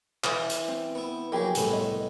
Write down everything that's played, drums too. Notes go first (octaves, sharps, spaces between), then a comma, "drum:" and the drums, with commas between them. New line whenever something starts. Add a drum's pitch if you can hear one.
E3, drum: clap
drum: hi-hat
C4
B3 E4
F3 F#3 A#3 G4 G#4
C2 A2 B3, drum: hi-hat
D#5